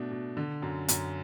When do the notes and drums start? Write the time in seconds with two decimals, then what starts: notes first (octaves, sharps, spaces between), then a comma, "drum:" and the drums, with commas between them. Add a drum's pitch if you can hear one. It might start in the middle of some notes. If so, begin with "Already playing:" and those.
Already playing: B2 A3 D4
0.11 B2
0.37 D3
0.62 F#2
0.88 F#2, drum: hi-hat